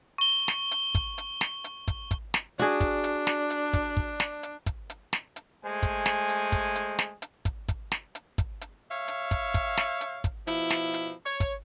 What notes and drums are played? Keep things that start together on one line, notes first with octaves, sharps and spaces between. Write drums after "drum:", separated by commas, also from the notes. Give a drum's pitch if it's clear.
C#6 G7
drum: snare
drum: hi-hat
drum: kick, hi-hat
drum: hi-hat
drum: snare
drum: hi-hat
drum: kick, hi-hat
drum: kick, hi-hat
drum: snare
D4 F#4 G#4, drum: hi-hat
drum: kick, hi-hat
drum: hi-hat
drum: snare
drum: hi-hat
drum: kick, hi-hat
drum: kick
drum: snare
drum: hi-hat
drum: kick, hi-hat
drum: hi-hat
drum: snare
drum: hi-hat
G#3 A3 C5 G#5
drum: kick, hi-hat
drum: snare
drum: hi-hat
drum: kick, hi-hat
drum: hi-hat
drum: snare
drum: hi-hat
drum: kick, hi-hat
drum: kick, hi-hat
drum: snare
drum: hi-hat
drum: kick, hi-hat
drum: hi-hat
C#5 E5 F5
drum: hi-hat
drum: kick, hi-hat
drum: kick, hi-hat
drum: snare
drum: hi-hat
drum: kick, hi-hat
B2 F3 E4, drum: hi-hat
drum: snare
drum: hi-hat
C#5
drum: kick, hi-hat